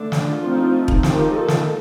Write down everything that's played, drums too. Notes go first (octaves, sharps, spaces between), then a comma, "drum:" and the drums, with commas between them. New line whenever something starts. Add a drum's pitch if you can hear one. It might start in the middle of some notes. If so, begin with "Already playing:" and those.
Already playing: D3 A3 D4
F4, drum: snare
F3 A3 C4 D#4
drum: kick E1
F3 A#3 D#4 G4, drum: snare
A4
drum: snare